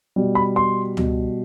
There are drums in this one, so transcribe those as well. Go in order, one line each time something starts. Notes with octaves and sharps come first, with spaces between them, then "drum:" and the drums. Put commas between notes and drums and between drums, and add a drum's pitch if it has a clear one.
B2 G3
B5
C6
B2 G3, drum: tom C#2